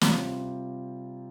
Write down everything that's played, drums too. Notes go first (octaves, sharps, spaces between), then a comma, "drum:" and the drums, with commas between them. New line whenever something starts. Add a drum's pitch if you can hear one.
C3 G3 C4 F4, drum: snare